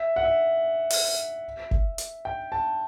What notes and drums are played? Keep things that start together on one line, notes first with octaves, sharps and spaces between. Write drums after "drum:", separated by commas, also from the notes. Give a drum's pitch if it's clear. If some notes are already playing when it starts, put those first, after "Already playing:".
Already playing: E5
F#5
E5
drum: open hi-hat
drum: kick G1
drum: hi-hat
G5
A5